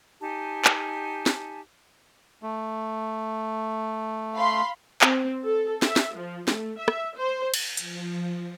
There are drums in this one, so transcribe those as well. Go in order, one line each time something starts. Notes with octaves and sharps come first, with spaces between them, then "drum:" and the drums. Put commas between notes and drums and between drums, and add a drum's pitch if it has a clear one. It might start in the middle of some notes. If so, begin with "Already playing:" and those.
D#4 G4 G#5 A5
drum: clap
drum: snare
A3
F5 B5 C6
C4, drum: clap
A4
E5, drum: snare
drum: snare
F3
A3, drum: snare
E5
drum: rim click
C5
drum: cymbal
F3, drum: hi-hat